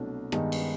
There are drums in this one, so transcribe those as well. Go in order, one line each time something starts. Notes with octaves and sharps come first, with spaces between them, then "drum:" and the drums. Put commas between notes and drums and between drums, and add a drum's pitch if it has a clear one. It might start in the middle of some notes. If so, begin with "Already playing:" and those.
Already playing: C2 B2 F#3 A3 D4
G2 D#3 G#3 B3 D#4, drum: rim click
drum: cymbal